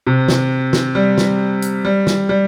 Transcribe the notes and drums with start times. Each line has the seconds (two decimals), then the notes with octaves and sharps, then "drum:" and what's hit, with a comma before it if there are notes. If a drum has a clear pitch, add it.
0.07 C3
0.28 drum: snare
0.73 drum: snare
0.95 G3
1.18 drum: snare
1.62 drum: hi-hat
1.85 G3
2.07 drum: snare
2.29 G3